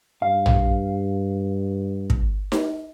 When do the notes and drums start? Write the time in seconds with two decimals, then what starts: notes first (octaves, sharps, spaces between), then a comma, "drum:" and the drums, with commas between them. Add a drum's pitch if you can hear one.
0.22 G2 F5
0.46 drum: tom
2.10 drum: kick
2.52 drum: snare D#4